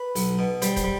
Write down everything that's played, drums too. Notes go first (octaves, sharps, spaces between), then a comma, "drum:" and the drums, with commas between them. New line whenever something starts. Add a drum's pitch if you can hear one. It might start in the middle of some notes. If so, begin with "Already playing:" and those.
Already playing: B4
B1, drum: open hi-hat
B2
G3 C5, drum: hi-hat
C5, drum: kick, hi-hat
G3